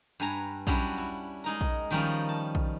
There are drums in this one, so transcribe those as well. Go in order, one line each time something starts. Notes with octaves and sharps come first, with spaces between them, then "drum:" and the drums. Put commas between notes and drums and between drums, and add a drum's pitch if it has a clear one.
G2 B4 G#5 A#5
F#3 G3 C#4 D4 E4, drum: kick A#1
E4
G#3 D#4 A#4
drum: kick A#1
D#3 F3 G3 C#4 A#4 F5
A5
drum: kick A#1